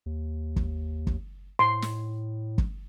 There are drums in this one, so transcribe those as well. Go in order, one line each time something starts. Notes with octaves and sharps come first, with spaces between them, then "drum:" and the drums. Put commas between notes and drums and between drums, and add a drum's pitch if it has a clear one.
D#2
drum: kick
drum: kick
A2 C6
drum: snare
drum: kick